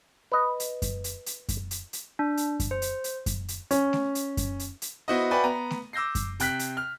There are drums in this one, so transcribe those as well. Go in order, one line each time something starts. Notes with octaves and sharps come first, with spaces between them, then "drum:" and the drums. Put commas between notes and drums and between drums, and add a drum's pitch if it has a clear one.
B4 D#5
drum: hi-hat
drum: kick F#2, hi-hat
drum: hi-hat
drum: hi-hat
drum: kick F#2, hi-hat
drum: hi-hat
drum: hi-hat
D4
drum: hi-hat
drum: kick F#2, hi-hat
C5
drum: hi-hat
drum: hi-hat
drum: kick F#2, hi-hat
drum: hi-hat
C#4, drum: hi-hat
drum: snare A3
drum: hi-hat
drum: kick F#2, hi-hat
drum: hi-hat
drum: hi-hat
B3 E4 F#4 C5 D#5
F#4 B4 D5 E5 G5 G#5
B3 A#5
drum: snare A3
D6 E6 G6 A#6 C7
drum: kick F#2, hi-hat
C3 G5 F#6 B6, drum: hi-hat
drum: hi-hat
F6